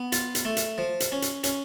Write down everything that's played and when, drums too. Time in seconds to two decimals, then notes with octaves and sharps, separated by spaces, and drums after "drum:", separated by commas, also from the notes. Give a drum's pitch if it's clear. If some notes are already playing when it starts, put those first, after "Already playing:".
Already playing: B3
0.12 F4, drum: hi-hat
0.35 drum: hi-hat
0.45 A3
0.57 drum: hi-hat
0.78 F3
1.00 drum: hi-hat
1.12 C#4
1.22 drum: hi-hat
1.44 C#4, drum: hi-hat